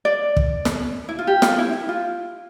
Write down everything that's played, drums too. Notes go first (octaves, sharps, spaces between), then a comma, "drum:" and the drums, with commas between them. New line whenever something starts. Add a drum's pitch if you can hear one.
D5
drum: kick
drum: snare
E4
F4
G4
F4, drum: snare
E4
E4
F4